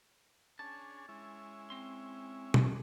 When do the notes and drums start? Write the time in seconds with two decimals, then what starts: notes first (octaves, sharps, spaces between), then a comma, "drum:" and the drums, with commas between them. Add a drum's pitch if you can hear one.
0.59 C#4 D4 G#4 A5
1.09 G#3 C#4 E4
1.70 C4 C6
2.54 drum: tom B2